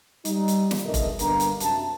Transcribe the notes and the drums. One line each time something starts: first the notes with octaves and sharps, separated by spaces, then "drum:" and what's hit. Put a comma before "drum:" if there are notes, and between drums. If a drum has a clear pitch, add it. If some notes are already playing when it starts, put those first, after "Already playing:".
G3 D#4, drum: hi-hat
drum: hi-hat
drum: snare
F#1 B1 G2 A3 A#4 D#5
drum: kick F1, hi-hat
G2 D3 A#3 B3 A#5, drum: hi-hat
drum: hi-hat
F#2 C3 A5, drum: hi-hat